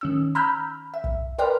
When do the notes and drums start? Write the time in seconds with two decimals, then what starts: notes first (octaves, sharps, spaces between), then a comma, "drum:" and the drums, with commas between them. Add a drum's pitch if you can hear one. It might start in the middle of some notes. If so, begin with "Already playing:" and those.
0.01 D#3 C#4 E6
0.35 A#5 B5 E6 F6 G6
0.94 E5
1.04 drum: kick
1.38 A#4 B4 D5 G5 C6 F6